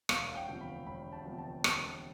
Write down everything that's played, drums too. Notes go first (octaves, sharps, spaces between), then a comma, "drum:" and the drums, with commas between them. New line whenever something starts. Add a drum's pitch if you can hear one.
E1 F5, drum: rim click
F5
G5
D2 C3 F3 B3
B5
E1 B5
A5
D2 C3 F3 B3
A5
E1 A5, drum: rim click